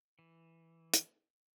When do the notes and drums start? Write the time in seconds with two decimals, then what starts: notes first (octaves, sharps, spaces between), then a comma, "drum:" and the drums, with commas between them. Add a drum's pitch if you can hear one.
0.19 E3
0.94 drum: hi-hat